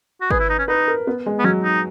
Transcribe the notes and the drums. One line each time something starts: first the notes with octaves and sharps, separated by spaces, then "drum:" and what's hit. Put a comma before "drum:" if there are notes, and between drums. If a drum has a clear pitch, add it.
F#4
G#4 B4, drum: kick G#1
E4
D#4
C#4
D#4 B4
A#4
B3
G#3
B3
F#3 C#4
D#4